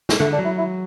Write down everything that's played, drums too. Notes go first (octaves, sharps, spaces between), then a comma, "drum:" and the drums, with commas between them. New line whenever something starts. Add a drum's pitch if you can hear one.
drum: snare
D3 A3
D4
F#3
E4
E4